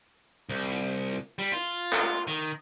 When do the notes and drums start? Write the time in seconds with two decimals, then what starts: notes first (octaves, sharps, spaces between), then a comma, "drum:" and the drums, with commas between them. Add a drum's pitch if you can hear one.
0.49 C2
0.71 drum: hi-hat
1.12 drum: hi-hat
1.39 G3
1.52 F4, drum: hi-hat
1.93 drum: clap
2.27 D#3